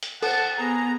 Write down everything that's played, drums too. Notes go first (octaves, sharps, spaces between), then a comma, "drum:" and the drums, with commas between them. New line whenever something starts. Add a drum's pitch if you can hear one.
drum: hi-hat
A4 C5 F#5 A5, drum: cymbal
B3 G#4 A#5